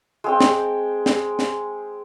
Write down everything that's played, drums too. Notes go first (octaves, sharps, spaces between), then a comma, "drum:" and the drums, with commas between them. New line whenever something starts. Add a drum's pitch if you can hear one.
G#3 C4 G5
drum: snare
drum: snare
drum: snare